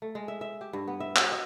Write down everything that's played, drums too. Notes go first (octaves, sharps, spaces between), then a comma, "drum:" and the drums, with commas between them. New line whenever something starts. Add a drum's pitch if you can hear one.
A3
G#3
E5
E5
G4
G2
B3
E5
F#4, drum: clap
D#5